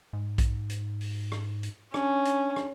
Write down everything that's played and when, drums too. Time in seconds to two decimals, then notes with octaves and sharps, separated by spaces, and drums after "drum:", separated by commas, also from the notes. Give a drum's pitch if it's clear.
0.13 G#2
0.38 drum: kick A#1, hi-hat
0.69 drum: hi-hat
1.01 drum: open hi-hat
1.32 drum: rim click
1.63 drum: hi-hat
1.94 C#4 D4, drum: rim click
2.25 drum: hi-hat
2.56 drum: rim click